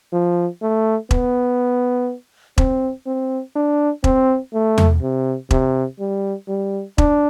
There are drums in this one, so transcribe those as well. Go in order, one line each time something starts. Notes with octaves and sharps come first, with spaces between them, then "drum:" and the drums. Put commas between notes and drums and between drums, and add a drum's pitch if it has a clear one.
F3
A3
B3, drum: kick E1
C4, drum: kick E1
C4
D4
C4, drum: kick E1
A3
drum: tom E2
C3
C3, drum: kick E1
G3
G3
D4, drum: kick E1